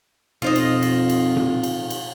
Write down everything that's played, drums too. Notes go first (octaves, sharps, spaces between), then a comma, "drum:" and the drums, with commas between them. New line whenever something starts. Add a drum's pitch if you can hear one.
F2 B2 D#4 F4 C5 D#5
drum: cymbal
drum: cymbal
drum: cymbal
drum: tom A#2
drum: cymbal
drum: cymbal